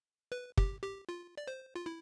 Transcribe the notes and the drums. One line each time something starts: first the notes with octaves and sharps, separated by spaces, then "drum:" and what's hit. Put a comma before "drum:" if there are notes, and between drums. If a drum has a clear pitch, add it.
B4
G4, drum: kick
G4
F4
D5
C5
F4
E4